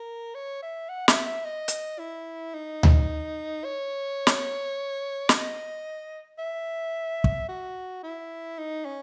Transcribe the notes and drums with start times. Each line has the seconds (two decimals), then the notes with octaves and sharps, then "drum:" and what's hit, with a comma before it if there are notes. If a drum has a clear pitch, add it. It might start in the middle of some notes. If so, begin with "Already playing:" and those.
Already playing: A#4
0.35 C#5
0.63 E5
0.89 F#5
1.08 E5, drum: snare
1.26 E5
1.45 D#5
1.68 drum: hi-hat
1.99 E4
2.54 D#4
2.83 drum: tom D2
3.64 C#5
4.27 drum: snare
5.29 D#5, drum: snare
6.39 E5
7.24 drum: kick
7.49 F#4
8.03 E4
8.59 D#4
8.85 C#4